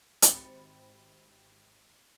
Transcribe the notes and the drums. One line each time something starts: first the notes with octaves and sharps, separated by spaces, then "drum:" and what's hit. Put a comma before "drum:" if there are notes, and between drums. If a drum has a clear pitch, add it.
G#1 G4 C5 B5 A6 C#7, drum: hi-hat